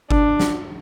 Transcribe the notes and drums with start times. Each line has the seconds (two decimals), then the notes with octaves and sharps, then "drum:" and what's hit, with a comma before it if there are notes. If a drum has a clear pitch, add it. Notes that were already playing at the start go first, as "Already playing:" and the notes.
0.11 D4, drum: kick G1
0.40 drum: snare